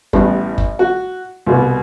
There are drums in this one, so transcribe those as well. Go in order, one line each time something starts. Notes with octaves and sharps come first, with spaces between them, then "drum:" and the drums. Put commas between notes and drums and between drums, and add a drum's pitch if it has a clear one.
A1 A2 G3 B3, drum: kick
drum: kick
F#4
C2 B2 G3 B3